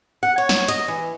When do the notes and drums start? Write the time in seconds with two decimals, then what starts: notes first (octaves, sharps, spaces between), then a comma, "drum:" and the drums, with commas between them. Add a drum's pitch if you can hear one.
0.23 F#5
0.38 C#5
0.49 drum: snare
0.68 D#5, drum: hi-hat
0.88 E3